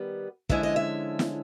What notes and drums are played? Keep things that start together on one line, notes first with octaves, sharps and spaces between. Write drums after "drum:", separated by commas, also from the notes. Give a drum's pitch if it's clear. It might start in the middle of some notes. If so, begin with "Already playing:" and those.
Already playing: D#3 G3 B3
D3 F3 G#3 C#4 E4 E5, drum: kick
D#5
E5
drum: snare